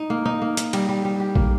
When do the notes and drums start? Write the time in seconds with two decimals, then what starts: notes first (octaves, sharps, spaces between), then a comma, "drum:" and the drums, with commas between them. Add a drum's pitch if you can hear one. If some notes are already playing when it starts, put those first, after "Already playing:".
Already playing: D#4
0.10 A#3
0.26 D#4
0.42 A#3
0.57 D#4, drum: hi-hat
0.73 G3, drum: cymbal
0.89 G3
1.05 G3
1.20 G4
1.35 A#3, drum: kick A#1